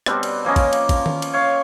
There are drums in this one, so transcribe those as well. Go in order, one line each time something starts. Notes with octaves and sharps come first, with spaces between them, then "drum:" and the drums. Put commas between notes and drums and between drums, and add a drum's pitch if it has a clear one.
B2 G3 C4 D4, drum: rim click
drum: cymbal
F3 A#3 C#4 D#5
drum: kick, cymbal
drum: cymbal
drum: kick, cymbal
drum: tom D#3
drum: cymbal
C#5 F5